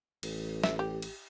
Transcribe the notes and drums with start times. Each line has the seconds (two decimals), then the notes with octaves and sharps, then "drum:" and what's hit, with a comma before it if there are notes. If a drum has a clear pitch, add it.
0.23 A1, drum: cymbal
0.64 E5, drum: snare
0.79 G4
1.02 drum: cymbal